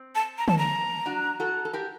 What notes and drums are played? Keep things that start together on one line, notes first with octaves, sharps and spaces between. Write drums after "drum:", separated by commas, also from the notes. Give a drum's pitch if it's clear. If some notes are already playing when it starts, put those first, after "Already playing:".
Already playing: C4
A5
A#5
A5, drum: tom
A#5
D4 F#4
F#4 A4
A4
G4 A#4